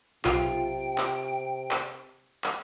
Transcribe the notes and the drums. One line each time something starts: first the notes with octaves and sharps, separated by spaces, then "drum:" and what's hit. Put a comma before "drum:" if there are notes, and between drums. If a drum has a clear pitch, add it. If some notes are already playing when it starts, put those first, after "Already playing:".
B1 C3 F4 G5, drum: clap
drum: clap
drum: clap
drum: clap